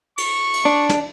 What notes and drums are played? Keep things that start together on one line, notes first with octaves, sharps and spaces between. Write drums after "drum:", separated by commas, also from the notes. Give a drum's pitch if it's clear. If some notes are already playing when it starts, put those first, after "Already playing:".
C#6, drum: cymbal
drum: cymbal
D4
drum: snare